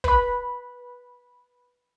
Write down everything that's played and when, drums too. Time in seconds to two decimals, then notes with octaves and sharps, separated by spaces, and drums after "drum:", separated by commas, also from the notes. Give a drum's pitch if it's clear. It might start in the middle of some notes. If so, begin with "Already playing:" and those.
0.04 B4 B5, drum: kick